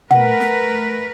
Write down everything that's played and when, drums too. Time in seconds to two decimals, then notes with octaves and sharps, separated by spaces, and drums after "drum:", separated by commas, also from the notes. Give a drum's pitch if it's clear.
0.11 A3 A#4 B4 F#5, drum: tom
0.40 drum: snare